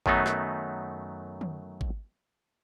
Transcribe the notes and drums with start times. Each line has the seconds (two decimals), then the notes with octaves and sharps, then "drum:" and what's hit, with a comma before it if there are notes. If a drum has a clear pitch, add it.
0.06 F#2 D#3 F#3 A3 B3 D#4, drum: kick G#1
0.26 drum: snare
1.41 drum: tom
1.81 drum: kick G#1